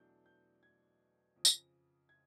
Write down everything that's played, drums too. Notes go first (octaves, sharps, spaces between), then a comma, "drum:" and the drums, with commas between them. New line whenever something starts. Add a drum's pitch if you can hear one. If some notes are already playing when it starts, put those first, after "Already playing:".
Already playing: E2 B2 F#3 A3 D4 G6
G6
G#6
F2 C#3 F3
drum: tambourine
G#6